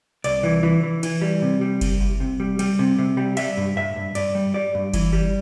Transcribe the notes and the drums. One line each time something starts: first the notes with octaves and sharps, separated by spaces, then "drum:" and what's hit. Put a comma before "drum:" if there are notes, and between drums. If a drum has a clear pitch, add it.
C2 D5, drum: cymbal
E3
E3
E3
E3, drum: cymbal
G3
C3
G3
C2, drum: kick F#1, cymbal
C2
C3
G3
G3, drum: cymbal
C3
C3
G3
G3 E5, drum: cymbal
G2
G2 E5
G2
G2 D5, drum: cymbal
G3
G3 D5
G2
E3, drum: kick F#1, cymbal
G3